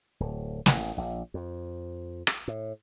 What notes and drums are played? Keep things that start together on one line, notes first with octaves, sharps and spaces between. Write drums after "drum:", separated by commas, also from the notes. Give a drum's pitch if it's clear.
D1
A1, drum: snare
A#1
F2
drum: rim click
A2